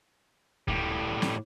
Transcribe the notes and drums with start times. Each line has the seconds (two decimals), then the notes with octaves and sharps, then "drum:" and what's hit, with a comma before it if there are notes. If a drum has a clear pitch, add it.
0.68 A2 G3, drum: kick C#2
1.22 drum: snare